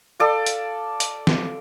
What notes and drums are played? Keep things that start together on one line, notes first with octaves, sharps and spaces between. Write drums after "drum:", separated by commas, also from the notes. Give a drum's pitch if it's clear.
A4 D5 F5
drum: hi-hat
drum: hi-hat
drum: snare